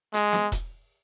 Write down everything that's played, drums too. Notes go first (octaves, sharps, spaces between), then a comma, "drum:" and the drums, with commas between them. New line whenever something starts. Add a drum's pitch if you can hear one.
G#3, drum: hi-hat
drum: snare
drum: kick E1, hi-hat